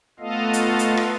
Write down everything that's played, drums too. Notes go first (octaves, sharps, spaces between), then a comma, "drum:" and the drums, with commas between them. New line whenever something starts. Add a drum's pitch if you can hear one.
A3 B3 F4 A4 D#5 F5
drum: hi-hat
drum: hi-hat
drum: rim click